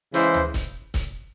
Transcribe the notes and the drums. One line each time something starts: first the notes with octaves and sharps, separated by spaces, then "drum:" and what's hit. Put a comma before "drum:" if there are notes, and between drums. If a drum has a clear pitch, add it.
C#3 E3 G#3 C5, drum: hi-hat
drum: tom D2
drum: kick C#1, hi-hat
drum: kick C#1, hi-hat